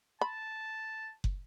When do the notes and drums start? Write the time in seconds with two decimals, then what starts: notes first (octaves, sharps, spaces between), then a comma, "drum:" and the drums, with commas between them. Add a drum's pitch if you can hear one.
0.21 A5 B5
1.24 drum: kick